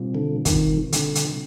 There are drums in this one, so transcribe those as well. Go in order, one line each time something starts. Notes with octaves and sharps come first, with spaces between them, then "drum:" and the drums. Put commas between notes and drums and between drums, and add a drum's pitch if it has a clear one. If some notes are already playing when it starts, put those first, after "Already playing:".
Already playing: B2 G3 C4 F4
D3
D#3, drum: kick, hi-hat
D3, drum: hi-hat
drum: hi-hat